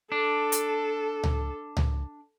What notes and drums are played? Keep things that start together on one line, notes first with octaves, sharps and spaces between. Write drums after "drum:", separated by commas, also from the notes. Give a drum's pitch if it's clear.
D4 A4
drum: hi-hat
drum: tom C#2
drum: tom C#2